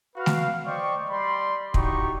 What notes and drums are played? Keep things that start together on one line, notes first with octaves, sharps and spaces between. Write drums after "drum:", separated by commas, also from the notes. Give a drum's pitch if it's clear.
F#4 B4 F5
drum: snare A3
C5 D5 D#5 G5 C#6
G3 D5 B5 C6
D#4 E4 F#4 G4 D5 C#6, drum: kick